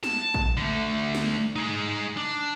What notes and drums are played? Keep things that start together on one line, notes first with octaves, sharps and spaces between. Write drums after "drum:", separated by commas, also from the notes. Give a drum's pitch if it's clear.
A5, drum: snare
drum: kick A1
D3 A3
drum: snare
D#4 G#4
D4